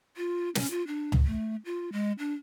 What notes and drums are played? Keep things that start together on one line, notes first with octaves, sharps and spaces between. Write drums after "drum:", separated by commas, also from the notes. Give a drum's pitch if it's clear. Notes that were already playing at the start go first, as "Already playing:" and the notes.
F4
C#4, drum: snare
F4
D4
drum: tom C#2
A3
F4
G#3
D4